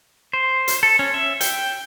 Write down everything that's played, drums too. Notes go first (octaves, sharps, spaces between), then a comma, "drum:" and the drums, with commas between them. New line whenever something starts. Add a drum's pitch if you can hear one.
C5
drum: hi-hat
A4
C#4
E5
G5, drum: hi-hat